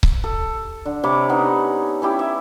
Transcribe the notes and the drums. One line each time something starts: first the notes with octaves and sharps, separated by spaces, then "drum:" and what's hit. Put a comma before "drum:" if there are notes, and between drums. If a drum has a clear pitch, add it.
drum: kick C#1
A4
D3
C3 C#5 B5 D6
B3 C#4 D#4 F#5
C#4 E4 G4
G4 E5